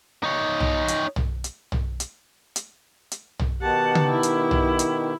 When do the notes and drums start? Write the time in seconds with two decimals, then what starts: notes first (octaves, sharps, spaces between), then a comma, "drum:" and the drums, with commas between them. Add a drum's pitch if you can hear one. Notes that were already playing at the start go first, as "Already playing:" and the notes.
0.24 D#4 C#5
0.60 drum: tom
0.88 drum: hi-hat
1.16 drum: tom
1.44 drum: hi-hat
1.72 drum: tom
2.00 drum: hi-hat
2.56 drum: hi-hat
3.12 drum: hi-hat
3.39 drum: tom
3.62 B2 D#3 G4 F#5 A5
3.95 drum: tom C#3
4.09 E4
4.23 drum: hi-hat
4.51 drum: tom
4.79 drum: hi-hat